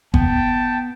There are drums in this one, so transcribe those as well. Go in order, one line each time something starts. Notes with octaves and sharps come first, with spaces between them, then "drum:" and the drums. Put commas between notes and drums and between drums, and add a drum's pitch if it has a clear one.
B3 G5 A5, drum: kick F#1